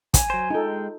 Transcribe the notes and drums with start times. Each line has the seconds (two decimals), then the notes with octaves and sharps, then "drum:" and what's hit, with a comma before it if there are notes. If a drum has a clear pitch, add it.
0.14 G#5, drum: kick, hi-hat
0.30 F#3 C5
0.50 G#3 D#4 F4 A4 G5